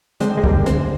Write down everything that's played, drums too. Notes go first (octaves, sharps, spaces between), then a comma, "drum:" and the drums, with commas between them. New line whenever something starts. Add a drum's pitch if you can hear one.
D3 G#3 C4, drum: hi-hat
D2 G#3
G3 A#3, drum: kick
D3
G#3 C4, drum: hi-hat
D2